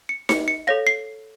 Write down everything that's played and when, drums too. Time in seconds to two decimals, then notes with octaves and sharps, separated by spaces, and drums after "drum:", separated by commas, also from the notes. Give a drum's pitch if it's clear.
0.09 C#7
0.29 C#7, drum: snare D#4
0.48 C#7
0.67 A4 C#5 F5 A#6
0.87 C7